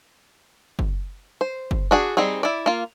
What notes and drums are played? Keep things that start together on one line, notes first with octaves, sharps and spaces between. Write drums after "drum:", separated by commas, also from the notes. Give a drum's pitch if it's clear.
drum: kick F#1
C5
drum: kick F#1
D4 F#4 G#4
G3 C4 D#4 G#4
E4 D5
A#3 F4